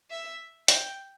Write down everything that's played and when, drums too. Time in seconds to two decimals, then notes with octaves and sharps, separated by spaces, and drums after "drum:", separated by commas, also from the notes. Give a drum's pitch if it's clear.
0.11 E5
0.68 G5, drum: hi-hat